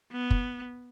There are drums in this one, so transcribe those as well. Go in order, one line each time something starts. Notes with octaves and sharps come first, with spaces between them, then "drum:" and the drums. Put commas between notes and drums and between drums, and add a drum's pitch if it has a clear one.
B3
drum: kick